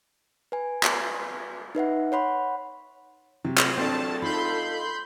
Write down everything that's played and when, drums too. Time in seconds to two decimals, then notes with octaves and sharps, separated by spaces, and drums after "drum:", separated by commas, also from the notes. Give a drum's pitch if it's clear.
0.52 B4 G#5
0.83 drum: clap
1.75 D#4 B4 E5 F#5
2.12 C#5 F#5 B5 C6
3.45 C3 F#3
3.58 drum: clap
3.78 C4 D4 A4 D5 A5
4.22 D#4 F4 B5 C6 G6